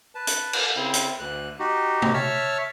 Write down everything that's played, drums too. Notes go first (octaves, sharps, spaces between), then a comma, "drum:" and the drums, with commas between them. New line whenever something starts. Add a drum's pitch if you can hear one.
B4 A5
drum: hi-hat
drum: cymbal
C#3 C4 E4
drum: hi-hat
D2 F#6
D#4 F#4 G4
drum: tom C3
C#5 E5 A5 E6 F6